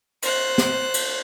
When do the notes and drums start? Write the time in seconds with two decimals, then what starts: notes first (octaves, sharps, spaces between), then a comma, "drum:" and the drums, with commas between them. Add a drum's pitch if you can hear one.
0.22 C5 F#6, drum: cymbal
0.58 drum: snare
0.94 drum: cymbal